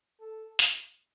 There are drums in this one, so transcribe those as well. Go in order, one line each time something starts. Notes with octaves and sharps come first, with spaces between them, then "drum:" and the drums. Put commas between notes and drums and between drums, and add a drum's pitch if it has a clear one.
A4
drum: snare